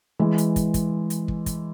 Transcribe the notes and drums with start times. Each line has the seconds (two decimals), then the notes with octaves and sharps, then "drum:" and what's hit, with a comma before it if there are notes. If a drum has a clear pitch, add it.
0.20 E3 G#3
0.38 drum: hi-hat
0.56 drum: kick, hi-hat
0.74 drum: kick, hi-hat
1.10 drum: hi-hat
1.28 drum: kick
1.46 drum: kick, hi-hat